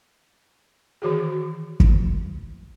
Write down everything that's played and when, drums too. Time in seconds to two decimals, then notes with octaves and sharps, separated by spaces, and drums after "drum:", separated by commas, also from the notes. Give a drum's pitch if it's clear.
1.02 D#3 E3 F#4 G#4
1.80 drum: kick